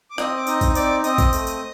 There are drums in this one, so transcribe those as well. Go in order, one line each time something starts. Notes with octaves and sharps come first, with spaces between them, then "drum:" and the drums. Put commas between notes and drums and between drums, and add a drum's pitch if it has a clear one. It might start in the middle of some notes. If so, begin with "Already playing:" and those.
D6
C4 D#5 D#6, drum: rim click
D6
D#4 D#5 D#6, drum: tambourine
drum: kick, tambourine
C4 D5 D6, drum: tambourine
C4 D#5 D#6, drum: tambourine
drum: kick, tambourine
A3, drum: tambourine
drum: tambourine